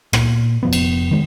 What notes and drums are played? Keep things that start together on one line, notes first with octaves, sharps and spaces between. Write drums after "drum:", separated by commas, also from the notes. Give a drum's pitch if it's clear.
A#2, drum: rim click
F1 F3 B3
drum: cymbal
D#3 G#3